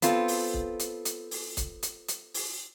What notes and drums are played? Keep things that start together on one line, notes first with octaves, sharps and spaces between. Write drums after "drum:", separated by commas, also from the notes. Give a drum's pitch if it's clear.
B3 C4 F4 A4, drum: hi-hat
drum: open hi-hat
drum: kick
drum: hi-hat
drum: hi-hat
drum: open hi-hat
drum: kick, hi-hat
drum: hi-hat
drum: hi-hat
drum: open hi-hat